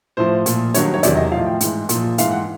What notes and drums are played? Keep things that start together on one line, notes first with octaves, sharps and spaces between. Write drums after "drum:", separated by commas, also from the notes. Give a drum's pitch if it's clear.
A2 F3 C5
A#2 F3, drum: hi-hat
G2 D#3 F#3 C#5, drum: hi-hat
C#5
E2 C3 D#3 F#3 D5, drum: hi-hat
D#5
A2 F3 F5
G5
G#2 E3, drum: hi-hat
A#2, drum: hi-hat
F3
G#2 E3 F5, drum: hi-hat
F#5